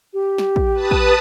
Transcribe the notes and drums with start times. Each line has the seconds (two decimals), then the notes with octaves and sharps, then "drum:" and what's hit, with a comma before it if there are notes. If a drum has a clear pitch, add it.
0.14 G4
0.38 drum: snare
0.56 drum: kick
0.74 B4 A5 D#6
0.91 drum: kick